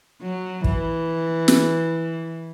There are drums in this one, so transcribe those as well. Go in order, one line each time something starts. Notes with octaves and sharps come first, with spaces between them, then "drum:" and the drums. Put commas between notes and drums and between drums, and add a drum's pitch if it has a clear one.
F#3
E3, drum: kick
drum: snare